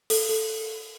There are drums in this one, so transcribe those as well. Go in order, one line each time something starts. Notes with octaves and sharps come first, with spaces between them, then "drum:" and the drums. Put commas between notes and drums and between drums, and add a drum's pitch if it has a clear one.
A4, drum: open hi-hat
A4